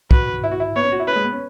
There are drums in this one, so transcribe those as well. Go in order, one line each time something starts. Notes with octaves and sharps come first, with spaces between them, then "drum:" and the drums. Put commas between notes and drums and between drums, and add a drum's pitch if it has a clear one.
F#4 B4, drum: kick
E4
F#4
E4
B3 C#5
C#4
F#4
E4
C#4 B4
G#3
B3
C#4